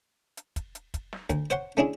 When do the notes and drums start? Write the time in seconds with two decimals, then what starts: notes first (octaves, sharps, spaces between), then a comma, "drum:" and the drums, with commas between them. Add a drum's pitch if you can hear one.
0.37 drum: hi-hat
0.56 drum: kick, hi-hat
0.75 drum: hi-hat
0.94 drum: kick, hi-hat
1.13 drum: snare
1.30 D2, drum: kick, hi-hat
1.50 C5 C#5 F#5 C6, drum: hi-hat
1.77 A3 C#4 D4 E4 G#4